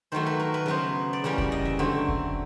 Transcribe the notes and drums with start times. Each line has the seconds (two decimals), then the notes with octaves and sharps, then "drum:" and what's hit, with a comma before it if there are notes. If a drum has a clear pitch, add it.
0.12 D#3 F#3 A3 C5
0.26 B4
0.40 A#4
0.54 B4
0.66 C#3 F#3 B3 C5
1.13 D5
1.24 C#3 E3 G3 A#3 C#5
1.38 D5, drum: kick F1
1.52 D#5
1.65 E5
1.79 D3 F#3 A3 C4
2.08 drum: kick F1